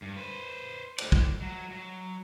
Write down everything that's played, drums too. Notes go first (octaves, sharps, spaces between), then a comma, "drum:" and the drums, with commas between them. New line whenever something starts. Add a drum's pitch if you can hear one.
G2
B4 C5
A3 D5, drum: cymbal
drum: kick
F#3
F#3